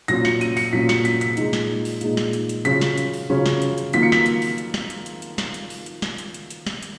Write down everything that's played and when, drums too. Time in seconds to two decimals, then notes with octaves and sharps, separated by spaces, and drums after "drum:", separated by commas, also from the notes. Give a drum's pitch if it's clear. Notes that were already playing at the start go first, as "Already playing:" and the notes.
0.08 A#2 F#3 C#4 F4 A#6, drum: hi-hat
0.25 C#7, drum: snare
0.41 D#7, drum: hi-hat
0.57 C#7, drum: open hi-hat
0.73 A#2 F#3 C#4 F4 B6
0.89 C#7, drum: snare
1.05 B6, drum: hi-hat
1.21 B6, drum: hi-hat
1.37 A#2 G#3 D#4, drum: hi-hat
1.53 drum: snare
1.85 drum: open hi-hat
2.01 A#2 G#3 D#4, drum: hi-hat
2.17 drum: snare
2.33 drum: hi-hat
2.49 drum: hi-hat
2.65 C#3 F#3 C#4 F4 B6, drum: hi-hat
2.81 drum: snare
2.97 drum: hi-hat
3.14 drum: open hi-hat
3.29 C#3 F#3 C#4 F4
3.46 drum: snare
3.62 drum: hi-hat
3.78 drum: hi-hat
3.93 D#3 F#3 A#3 F4 B6, drum: hi-hat
4.03 C#7
4.12 B6, drum: snare
4.26 drum: hi-hat
4.42 drum: open hi-hat
4.58 drum: hi-hat
4.74 drum: snare
4.90 drum: hi-hat
5.06 drum: hi-hat
5.22 drum: hi-hat
5.38 drum: snare
5.54 drum: hi-hat
5.70 drum: open hi-hat
5.86 drum: hi-hat
6.02 drum: snare
6.18 drum: hi-hat
6.34 drum: hi-hat
6.50 drum: hi-hat
6.66 drum: snare
6.83 drum: hi-hat